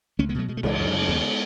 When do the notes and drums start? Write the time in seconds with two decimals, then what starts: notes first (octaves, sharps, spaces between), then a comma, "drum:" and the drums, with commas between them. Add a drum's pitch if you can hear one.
0.19 C#2 A3 C#4
0.29 G#3 B3
0.34 B2 F#3 A3
0.48 B2 G#3
0.57 A3
0.63 C#2 E3 G#3, drum: cymbal
0.79 F#2
0.93 C#3
1.02 A3
1.08 D#2 G#3 B3